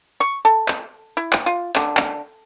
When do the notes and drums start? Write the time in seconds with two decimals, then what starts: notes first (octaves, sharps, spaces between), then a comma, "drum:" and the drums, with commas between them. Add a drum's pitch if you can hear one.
0.20 C#6
0.45 A4
0.68 drum: clap
1.17 E4
1.33 drum: clap
1.46 F4
1.76 D3, drum: clap
1.97 drum: clap